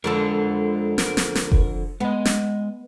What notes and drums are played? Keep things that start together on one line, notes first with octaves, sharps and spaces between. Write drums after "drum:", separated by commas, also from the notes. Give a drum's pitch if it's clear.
F2 D3 G#3 F4 A4 A#4
A#4, drum: snare
drum: snare
drum: snare
drum: kick F1
G#3 B3 D#5
drum: snare